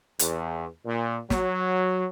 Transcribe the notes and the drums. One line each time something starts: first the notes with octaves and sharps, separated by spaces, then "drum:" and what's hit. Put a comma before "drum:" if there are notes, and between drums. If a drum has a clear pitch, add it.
E2, drum: hi-hat
A#2
F#3, drum: snare